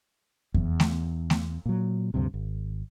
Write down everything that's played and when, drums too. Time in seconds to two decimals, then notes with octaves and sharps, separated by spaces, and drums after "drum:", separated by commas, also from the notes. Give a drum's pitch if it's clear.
0.54 E2, drum: kick F2
0.80 drum: snare A3
1.30 drum: snare A3
1.66 A#2 F#3
2.14 D2 G2 C3
2.34 G#1